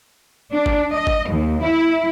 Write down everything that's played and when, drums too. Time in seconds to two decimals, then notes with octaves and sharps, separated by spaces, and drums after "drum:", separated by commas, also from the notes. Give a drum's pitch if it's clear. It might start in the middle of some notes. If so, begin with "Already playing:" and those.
0.52 D4
0.66 drum: kick G#1
0.93 D#5
1.07 drum: kick G#1
1.27 D#2
1.62 E4